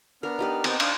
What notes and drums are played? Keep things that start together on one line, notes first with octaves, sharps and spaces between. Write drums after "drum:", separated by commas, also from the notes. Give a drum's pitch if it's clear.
B3 D4 A#4 F6
D#4 G4 D5
B3 C4 D#4 G#5 A5, drum: cymbal
D4 F5, drum: cymbal